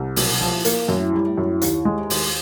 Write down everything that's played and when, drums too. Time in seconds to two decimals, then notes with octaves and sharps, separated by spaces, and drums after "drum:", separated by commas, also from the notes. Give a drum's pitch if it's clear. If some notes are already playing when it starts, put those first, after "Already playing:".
Already playing: C2
0.16 B1 A#2, drum: open hi-hat
0.41 F3
0.48 A2
0.53 A#2
0.65 A#3, drum: hi-hat
0.79 A#2
0.88 F#2 A2
1.13 G#2 G3
1.25 A2
1.38 F#2
1.62 D#2, drum: hi-hat
1.85 G#3
1.98 G#2
2.10 D#2, drum: open hi-hat